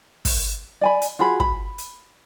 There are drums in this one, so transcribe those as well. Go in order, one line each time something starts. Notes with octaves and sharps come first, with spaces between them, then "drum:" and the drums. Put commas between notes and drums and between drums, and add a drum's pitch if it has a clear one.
drum: kick, open hi-hat
D5 G#5 B5
drum: hi-hat
F4 F#4 G#4 B5
B5, drum: kick
drum: hi-hat